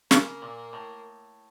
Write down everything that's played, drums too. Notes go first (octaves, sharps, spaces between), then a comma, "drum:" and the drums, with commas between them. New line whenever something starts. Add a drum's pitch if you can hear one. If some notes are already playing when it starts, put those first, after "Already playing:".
C#3 A#3, drum: snare
A#2
A2